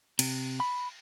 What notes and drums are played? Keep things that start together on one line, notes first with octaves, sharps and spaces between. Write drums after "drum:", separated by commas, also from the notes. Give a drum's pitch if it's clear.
C3, drum: cymbal
B5